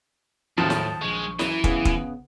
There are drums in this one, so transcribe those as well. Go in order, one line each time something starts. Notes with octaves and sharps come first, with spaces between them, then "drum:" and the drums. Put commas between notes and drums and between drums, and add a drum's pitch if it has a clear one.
D#2 A2 F3 F#3 A5 D#6 A6
drum: snare
A#1 G#3 C#6
F#2 E3, drum: snare
C#3 B3 G#4, drum: kick
drum: kick